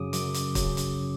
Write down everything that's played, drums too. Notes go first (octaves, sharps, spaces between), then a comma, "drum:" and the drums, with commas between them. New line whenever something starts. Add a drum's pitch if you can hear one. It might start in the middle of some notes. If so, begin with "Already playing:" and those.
Already playing: F#2 C#3 F#3 D6 D#6
F#2 D6, drum: hi-hat
drum: hi-hat
C#3 F#3, drum: kick, hi-hat
drum: hi-hat